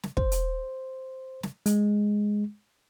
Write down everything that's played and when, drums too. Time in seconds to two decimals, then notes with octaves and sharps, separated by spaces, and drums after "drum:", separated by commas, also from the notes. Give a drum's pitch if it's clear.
0.03 drum: snare
0.17 C5, drum: kick
0.32 drum: hi-hat
1.43 drum: snare
1.66 G#3, drum: hi-hat